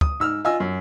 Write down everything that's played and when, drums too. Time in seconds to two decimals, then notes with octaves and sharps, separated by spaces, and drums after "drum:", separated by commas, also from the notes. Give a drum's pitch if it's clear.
0.01 D#6, drum: kick
0.20 G#2 E6 F6
0.44 F4 D#5 G#5 E6
0.60 F#2